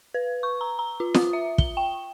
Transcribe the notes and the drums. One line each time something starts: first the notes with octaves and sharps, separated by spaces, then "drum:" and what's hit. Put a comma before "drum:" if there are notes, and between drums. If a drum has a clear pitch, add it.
B4
C#6
A#5
A#5
F4
D#6, drum: snare
E5
G7, drum: kick
G5